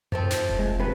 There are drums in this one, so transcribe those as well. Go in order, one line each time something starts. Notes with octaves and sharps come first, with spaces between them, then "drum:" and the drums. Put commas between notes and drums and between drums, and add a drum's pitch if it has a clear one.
F3 A3 C4, drum: tom F#2
drum: snare
drum: kick F1
G#3
G#1 C3 B4